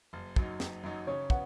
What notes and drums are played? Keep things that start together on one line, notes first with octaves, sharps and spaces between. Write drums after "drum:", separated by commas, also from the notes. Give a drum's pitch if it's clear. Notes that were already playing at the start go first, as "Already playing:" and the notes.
F#1
F#2 F#3 D#4, drum: kick
F#1, drum: snare
F#2 F#3 D#4
C#3 C#5
B3 F#5, drum: kick